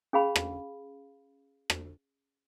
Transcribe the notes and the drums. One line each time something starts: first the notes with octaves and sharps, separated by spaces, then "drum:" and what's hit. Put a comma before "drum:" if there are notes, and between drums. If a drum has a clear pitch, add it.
C#4 G#4 F5 B5
drum: rim click
drum: rim click